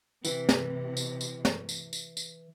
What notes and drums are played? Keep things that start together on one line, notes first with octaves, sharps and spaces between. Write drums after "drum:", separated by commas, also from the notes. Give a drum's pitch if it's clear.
C3 E3, drum: tambourine
drum: snare
drum: tambourine
drum: tambourine
drum: snare
drum: tambourine
drum: tambourine
drum: tambourine